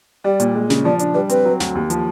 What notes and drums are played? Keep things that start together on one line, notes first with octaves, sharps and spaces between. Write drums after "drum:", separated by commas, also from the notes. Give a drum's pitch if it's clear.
G3 D5
A#2, drum: hi-hat
G#3
C#3, drum: snare
F3 D5
D4, drum: hi-hat
G3 B4
C4 B4, drum: hi-hat
F#3
D2, drum: snare
D#2
F3, drum: hi-hat